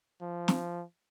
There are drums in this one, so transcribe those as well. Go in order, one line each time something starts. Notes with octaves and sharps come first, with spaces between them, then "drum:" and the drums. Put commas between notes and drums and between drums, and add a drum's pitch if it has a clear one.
F3
drum: snare